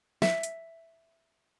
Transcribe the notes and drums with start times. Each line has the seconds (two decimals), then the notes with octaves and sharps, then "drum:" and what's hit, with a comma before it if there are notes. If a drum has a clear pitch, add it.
0.22 E5, drum: snare
0.43 drum: hi-hat